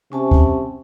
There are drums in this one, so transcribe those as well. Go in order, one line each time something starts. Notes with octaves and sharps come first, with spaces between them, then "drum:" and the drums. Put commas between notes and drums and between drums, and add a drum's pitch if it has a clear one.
C3 C#4 G#5 A5
drum: kick D2